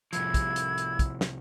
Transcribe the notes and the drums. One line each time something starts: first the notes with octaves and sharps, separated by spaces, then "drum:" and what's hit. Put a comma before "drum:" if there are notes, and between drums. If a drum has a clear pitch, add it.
C2 F3 E4 G#6, drum: hi-hat
drum: kick, hi-hat
drum: hi-hat
drum: hi-hat
drum: kick, hi-hat
drum: snare